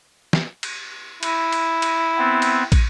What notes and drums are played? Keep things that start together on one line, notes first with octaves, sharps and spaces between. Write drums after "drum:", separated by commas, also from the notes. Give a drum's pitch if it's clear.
drum: snare
drum: cymbal
E4, drum: cymbal
drum: cymbal
drum: cymbal
B3 C4
drum: cymbal
drum: kick, cymbal